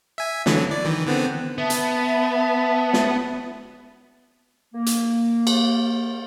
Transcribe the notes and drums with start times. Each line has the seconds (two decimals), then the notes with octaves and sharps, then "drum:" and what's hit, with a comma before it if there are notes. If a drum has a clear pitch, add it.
0.18 E5 G#5
0.46 D3 E3 F#3, drum: snare
0.71 D5
0.85 D#3 E3
1.06 D3 B3 C4
1.58 B3 E5 A5
1.70 drum: hi-hat
2.93 drum: snare
4.74 A#3
4.86 drum: hi-hat
5.47 drum: cymbal